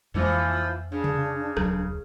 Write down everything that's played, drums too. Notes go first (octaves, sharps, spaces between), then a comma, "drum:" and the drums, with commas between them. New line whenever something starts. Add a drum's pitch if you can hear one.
F2 A#2 E3 F3 G#3 A#3
C#3 D4
drum: tom C3
D#1 C#2 F#3, drum: rim click